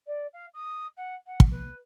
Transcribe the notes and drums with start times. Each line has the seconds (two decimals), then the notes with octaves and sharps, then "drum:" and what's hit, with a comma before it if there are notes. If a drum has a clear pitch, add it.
0.07 D5
0.33 F5
0.54 D#6
0.97 F#5
1.26 F#5
1.40 drum: kick
1.51 B4